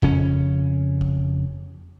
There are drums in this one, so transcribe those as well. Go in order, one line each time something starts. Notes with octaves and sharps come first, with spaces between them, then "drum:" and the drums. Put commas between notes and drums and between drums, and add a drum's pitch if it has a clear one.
F2 C#3 C#4, drum: kick F#1
drum: kick F#1